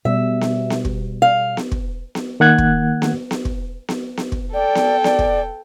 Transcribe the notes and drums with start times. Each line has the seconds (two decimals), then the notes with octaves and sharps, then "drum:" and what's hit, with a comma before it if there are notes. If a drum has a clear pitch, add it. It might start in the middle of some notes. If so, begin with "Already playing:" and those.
0.05 B2 G3 E5
0.41 drum: snare B3
0.70 drum: snare B3
0.85 drum: kick
1.22 F5
1.57 drum: snare B3
1.72 drum: kick
2.15 drum: snare B3
2.40 D#3 A#3 F#5 F#6 G#6
2.58 drum: kick
3.02 drum: snare B3
3.31 drum: snare B3
3.45 drum: kick
3.89 drum: snare B3
4.17 drum: snare B3
4.32 drum: kick
4.54 A4 D5 G5
4.75 drum: snare B3
5.04 D5, drum: snare B3
5.19 drum: kick